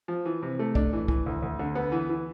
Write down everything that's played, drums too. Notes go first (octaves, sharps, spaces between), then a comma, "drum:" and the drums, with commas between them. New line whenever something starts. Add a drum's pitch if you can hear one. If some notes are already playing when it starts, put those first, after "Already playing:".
F3
E3
C3
A3
D4, drum: kick
E3
E3, drum: kick
D2
D2
D3
B3
E3
E3